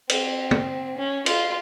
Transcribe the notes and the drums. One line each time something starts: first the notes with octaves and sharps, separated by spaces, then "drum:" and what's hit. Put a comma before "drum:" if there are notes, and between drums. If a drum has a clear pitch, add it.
C4, drum: cymbal
drum: tom
C#4
F4, drum: cymbal